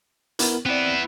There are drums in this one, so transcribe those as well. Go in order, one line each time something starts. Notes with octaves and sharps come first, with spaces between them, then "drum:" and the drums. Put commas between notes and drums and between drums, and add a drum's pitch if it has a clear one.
B3 E4 A#4, drum: hi-hat
B3 C4 E4 D5